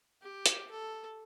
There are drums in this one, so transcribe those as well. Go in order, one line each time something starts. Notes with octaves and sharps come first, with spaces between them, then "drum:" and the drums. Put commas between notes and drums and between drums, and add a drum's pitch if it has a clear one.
G4
drum: hi-hat
A4